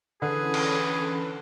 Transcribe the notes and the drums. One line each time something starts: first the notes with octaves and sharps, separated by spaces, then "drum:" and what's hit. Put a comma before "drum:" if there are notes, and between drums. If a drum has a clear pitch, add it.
D3 E3 C#4 G#4 A4 B4
drum: cymbal